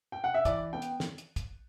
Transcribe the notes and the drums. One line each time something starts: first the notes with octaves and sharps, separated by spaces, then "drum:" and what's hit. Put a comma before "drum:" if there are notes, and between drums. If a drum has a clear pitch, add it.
G5
F#5
E5
E3 D5, drum: kick, hi-hat
B3 G5
drum: hi-hat
drum: snare
drum: hi-hat
drum: kick, hi-hat